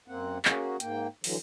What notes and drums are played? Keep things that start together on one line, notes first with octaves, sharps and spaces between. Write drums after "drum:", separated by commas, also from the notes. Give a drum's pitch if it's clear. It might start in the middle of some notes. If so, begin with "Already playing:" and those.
F#2 A#3 C4 F#5
A#3 C#4 F#4 G#4, drum: clap
G#2 A#3 G5, drum: hi-hat
D3 E3 F#3, drum: open hi-hat